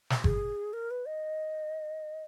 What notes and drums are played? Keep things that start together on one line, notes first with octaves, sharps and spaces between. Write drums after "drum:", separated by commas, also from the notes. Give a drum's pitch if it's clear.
drum: snare
G#4, drum: kick G1
A#4
B4
D#5